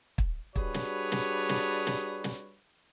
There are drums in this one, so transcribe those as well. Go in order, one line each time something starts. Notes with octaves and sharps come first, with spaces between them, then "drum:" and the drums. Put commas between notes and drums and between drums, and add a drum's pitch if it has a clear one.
drum: kick
G3 D4 F#4 G#4 B4 C#5, drum: kick
drum: snare
drum: snare
drum: snare
drum: snare
drum: snare